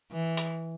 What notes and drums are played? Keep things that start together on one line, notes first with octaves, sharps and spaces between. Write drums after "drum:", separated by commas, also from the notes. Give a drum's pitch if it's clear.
E3
drum: hi-hat